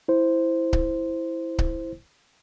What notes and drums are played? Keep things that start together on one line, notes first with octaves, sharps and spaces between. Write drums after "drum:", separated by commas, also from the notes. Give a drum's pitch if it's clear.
E4 C5
drum: kick C#1
drum: kick C#1